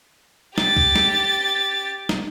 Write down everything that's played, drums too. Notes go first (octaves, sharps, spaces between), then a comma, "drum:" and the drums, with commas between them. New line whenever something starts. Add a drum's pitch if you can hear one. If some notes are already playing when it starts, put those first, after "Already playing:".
G4 A6, drum: snare
drum: kick
drum: snare
drum: snare